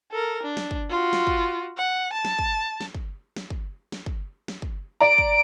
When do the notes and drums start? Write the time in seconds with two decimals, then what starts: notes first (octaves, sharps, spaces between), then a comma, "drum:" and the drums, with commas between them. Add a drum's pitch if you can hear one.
0.11 A4 A#4
0.43 D4
0.57 drum: snare
0.71 drum: kick
0.90 F4 F#4
1.13 drum: snare
1.27 drum: kick
1.77 F#5
2.13 A5
2.25 drum: snare
2.39 drum: kick
2.81 drum: snare
2.95 drum: kick
3.36 drum: snare
3.50 drum: kick
3.92 drum: snare
4.06 drum: kick
4.48 drum: snare
4.62 drum: kick
5.00 D5 A#5 D7
5.18 drum: kick